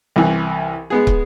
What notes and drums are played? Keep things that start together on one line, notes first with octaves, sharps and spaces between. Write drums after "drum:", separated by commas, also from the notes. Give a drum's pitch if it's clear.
C2 E3
G#3 B3 G#4
drum: kick